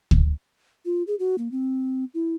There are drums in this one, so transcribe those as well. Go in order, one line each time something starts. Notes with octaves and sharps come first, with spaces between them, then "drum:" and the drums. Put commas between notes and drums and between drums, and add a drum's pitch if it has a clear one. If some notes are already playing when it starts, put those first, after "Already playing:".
drum: kick
F4
G#4
F#4
A#3
C4
E4